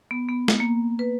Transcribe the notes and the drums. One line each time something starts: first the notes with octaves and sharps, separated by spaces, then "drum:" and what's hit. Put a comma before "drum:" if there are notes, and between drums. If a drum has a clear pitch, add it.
B3
B3
drum: snare
A#3
B4